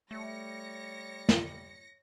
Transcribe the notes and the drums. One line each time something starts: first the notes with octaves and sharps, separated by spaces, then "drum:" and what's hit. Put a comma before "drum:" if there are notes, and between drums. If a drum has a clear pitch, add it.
G3 A3 C#5 A#6 C#7
drum: snare